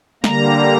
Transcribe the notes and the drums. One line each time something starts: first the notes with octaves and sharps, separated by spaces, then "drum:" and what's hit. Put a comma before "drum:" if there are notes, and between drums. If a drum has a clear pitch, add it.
D3 G3 A#3 A#5, drum: snare